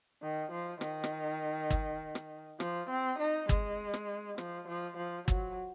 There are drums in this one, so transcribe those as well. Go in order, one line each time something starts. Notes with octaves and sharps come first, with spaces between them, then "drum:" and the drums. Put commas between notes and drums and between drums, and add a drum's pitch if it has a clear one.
D#3
F3
D#3, drum: rim click
drum: rim click
drum: kick G1
drum: rim click
F3, drum: rim click
C4
D#4
G#3, drum: kick G1
drum: rim click
F3, drum: rim click
F3
F3
F#3, drum: kick G1